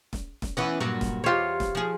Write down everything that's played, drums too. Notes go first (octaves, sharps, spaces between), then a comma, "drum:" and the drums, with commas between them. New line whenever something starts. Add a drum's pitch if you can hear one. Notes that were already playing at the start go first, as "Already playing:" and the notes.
drum: snare
drum: snare
E3 B3 C#4
G2 A#2 F#3
drum: snare
E2 F4 G4 C5 C#5
drum: snare
F3 G#4